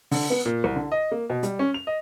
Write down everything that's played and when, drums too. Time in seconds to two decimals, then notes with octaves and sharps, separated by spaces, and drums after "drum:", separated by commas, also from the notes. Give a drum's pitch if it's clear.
0.11 D3, drum: open hi-hat
0.30 B3
0.45 A#2
0.64 C2
0.76 D3
0.92 D#5
1.12 A#3
1.30 B2
1.43 G3, drum: hi-hat
1.59 C#4
1.74 F7
1.87 D#5